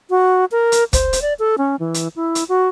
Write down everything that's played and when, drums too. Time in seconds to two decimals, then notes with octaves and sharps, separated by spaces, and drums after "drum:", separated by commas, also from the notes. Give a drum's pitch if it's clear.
0.10 F#4
0.51 A#4
0.72 drum: hi-hat
0.93 C5, drum: kick, hi-hat
1.13 drum: hi-hat
1.22 D5
1.39 A4
1.58 C#4
1.80 E3
1.94 drum: hi-hat
2.16 E4
2.35 drum: hi-hat
2.49 F#4